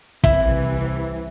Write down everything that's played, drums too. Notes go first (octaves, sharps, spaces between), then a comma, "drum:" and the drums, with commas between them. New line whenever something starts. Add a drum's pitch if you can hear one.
C2 C3 E3 E4, drum: kick